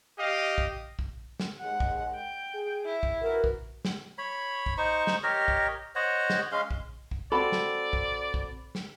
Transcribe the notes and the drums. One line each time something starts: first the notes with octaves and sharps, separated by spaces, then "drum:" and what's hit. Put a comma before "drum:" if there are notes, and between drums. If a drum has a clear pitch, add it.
G4 D#5 F5
drum: kick
drum: kick
drum: snare
D#2 G#3 F#5
drum: kick
G5
G#4
E4
drum: kick
F#4 A#4 B4
drum: kick
drum: snare
C#5 B5
drum: kick
D#4 C5 C#6
drum: snare
G4 A#4 C#5 D#5
drum: kick
C5 C#5 D#5 F#5
drum: snare
G#3 C#4 F5 C6
drum: kick
drum: kick
C4 F#4 A4 D5 B5
drum: snare
drum: kick
drum: kick
drum: snare